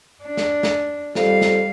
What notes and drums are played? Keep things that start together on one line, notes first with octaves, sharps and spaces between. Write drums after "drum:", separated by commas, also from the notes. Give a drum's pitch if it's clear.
D4
drum: snare
drum: snare
F2 G3 F5, drum: snare
drum: snare